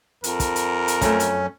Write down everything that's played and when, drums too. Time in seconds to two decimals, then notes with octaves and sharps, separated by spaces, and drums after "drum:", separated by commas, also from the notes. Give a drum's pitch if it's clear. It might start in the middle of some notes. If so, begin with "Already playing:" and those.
0.24 F2 A#4, drum: hi-hat
0.40 drum: kick, hi-hat
0.56 drum: hi-hat
0.88 drum: hi-hat
1.01 F#2 A3 C#4, drum: kick, hi-hat
1.20 drum: hi-hat